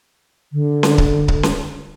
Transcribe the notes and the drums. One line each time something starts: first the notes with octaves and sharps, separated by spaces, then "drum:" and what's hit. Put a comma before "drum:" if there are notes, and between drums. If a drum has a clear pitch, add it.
D3
drum: snare C#4
drum: kick C#1
drum: kick C#1
drum: snare C#4